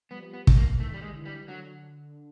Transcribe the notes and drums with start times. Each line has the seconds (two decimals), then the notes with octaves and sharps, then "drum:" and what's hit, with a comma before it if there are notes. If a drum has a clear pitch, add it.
0.11 F3 G3 B3
0.33 B3
0.47 drum: kick
0.57 A#3
0.70 E3
0.80 D#3 A3
0.94 G3
1.02 G#3
1.13 D3 E3
1.25 G3
1.48 D3 F#3